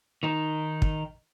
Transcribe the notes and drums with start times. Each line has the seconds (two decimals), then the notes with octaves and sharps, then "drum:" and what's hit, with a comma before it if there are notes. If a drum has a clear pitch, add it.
0.23 D#3 D#4
0.82 drum: kick